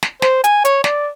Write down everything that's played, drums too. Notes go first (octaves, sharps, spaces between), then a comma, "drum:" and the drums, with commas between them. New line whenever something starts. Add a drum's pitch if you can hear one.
drum: snare
C5, drum: snare
G#5, drum: hi-hat
C#5, drum: hi-hat
D5, drum: snare